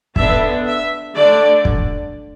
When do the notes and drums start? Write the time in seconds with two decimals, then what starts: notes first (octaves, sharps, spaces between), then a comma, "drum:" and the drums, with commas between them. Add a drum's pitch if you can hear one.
0.16 D3 B3 D4 E5, drum: kick
0.66 E5
1.15 D3 A3 D4 D5
1.65 drum: kick